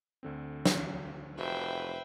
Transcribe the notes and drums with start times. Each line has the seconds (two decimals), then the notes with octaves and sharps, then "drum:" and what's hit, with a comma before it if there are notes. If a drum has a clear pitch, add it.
0.23 D2 D3 C4
0.66 drum: snare
1.37 F1 F#4 B4 C5 E5 G5